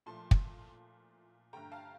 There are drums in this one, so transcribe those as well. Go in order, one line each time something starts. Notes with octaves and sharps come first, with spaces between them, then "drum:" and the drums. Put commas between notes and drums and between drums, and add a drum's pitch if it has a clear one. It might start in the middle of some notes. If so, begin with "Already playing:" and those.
A#2 F3 A3 A5 C6
drum: kick
G2 D3 A3 G5 A#5
F5 A5